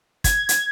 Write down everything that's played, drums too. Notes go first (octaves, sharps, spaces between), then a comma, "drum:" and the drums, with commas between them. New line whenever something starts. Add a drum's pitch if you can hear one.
G#6, drum: kick, hi-hat
drum: hi-hat